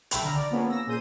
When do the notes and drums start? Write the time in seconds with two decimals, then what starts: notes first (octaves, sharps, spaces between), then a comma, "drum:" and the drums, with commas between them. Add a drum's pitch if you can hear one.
0.11 B1 A4 E5 G5 B5, drum: hi-hat
0.23 D3 A#5 F6
0.34 D5
0.50 F3 A#3 B3 C#4 G#4
0.69 E6 A#6
0.87 A#2 G#4 C5 G6 D#7